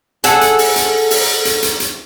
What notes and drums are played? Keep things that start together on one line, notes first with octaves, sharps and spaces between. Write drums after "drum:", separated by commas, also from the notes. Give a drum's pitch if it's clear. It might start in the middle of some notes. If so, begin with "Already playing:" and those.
G#4 A4 F#5, drum: hi-hat
drum: hi-hat
drum: open hi-hat
drum: hi-hat
drum: open hi-hat
drum: hi-hat
drum: hi-hat
drum: hi-hat